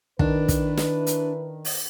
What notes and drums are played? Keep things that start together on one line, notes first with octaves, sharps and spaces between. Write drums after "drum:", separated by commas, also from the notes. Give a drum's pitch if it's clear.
D#3 D4 E4 B4, drum: kick
drum: kick, hi-hat
drum: snare
drum: hi-hat
drum: open hi-hat